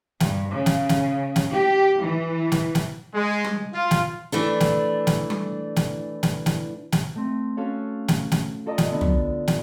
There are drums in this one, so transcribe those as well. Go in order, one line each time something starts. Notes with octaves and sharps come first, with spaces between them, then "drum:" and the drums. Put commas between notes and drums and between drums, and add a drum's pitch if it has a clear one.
G2, drum: snare
C#3
drum: snare
drum: snare
drum: snare
G4
E3
drum: snare
drum: snare
G#3
drum: tom G3
F4
drum: snare
E3 A3 D4
drum: snare
drum: snare
drum: tom G3
drum: snare
drum: snare
drum: snare
drum: snare
A3 C4
C#4 F#4 A4 C#5 F5
drum: snare
drum: snare
F4 A4 D5 D#5 A#5
drum: snare
D3 B3 D4
drum: tom
drum: snare